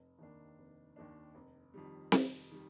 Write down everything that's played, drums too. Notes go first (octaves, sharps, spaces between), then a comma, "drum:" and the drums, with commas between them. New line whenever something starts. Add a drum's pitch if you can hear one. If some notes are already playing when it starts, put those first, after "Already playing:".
Already playing: F1
D#2 D#3 A#3 D4
F1
D#2 D#3 A#3 D4
F1
F2 D#3 G3
F1, drum: snare C4
D#3 G3